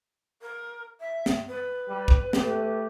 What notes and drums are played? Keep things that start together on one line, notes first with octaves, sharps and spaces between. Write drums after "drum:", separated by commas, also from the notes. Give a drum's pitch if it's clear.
A#4
E5
drum: snare
B4
G3
drum: kick
A3 G4, drum: snare